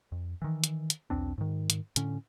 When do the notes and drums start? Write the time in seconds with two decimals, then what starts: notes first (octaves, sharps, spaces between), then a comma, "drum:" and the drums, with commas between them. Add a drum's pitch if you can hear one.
0.12 F2
0.42 D#3 E3
0.64 drum: hi-hat
0.90 drum: hi-hat
1.10 B1 E2 C4 D4
1.38 G#2 D#3
1.70 drum: hi-hat
1.96 A2 D3 C#4, drum: hi-hat